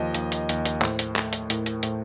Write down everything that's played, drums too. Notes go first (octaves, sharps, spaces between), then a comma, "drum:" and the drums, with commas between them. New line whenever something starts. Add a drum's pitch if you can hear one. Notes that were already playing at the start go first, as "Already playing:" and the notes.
Already playing: D#2 F3 D#5
D#2, drum: hi-hat
drum: hi-hat
D#2, drum: hi-hat
drum: hi-hat
A2 C5, drum: clap
drum: hi-hat
A3, drum: clap
drum: hi-hat
A2 A#4, drum: hi-hat
drum: hi-hat
A2 C5, drum: hi-hat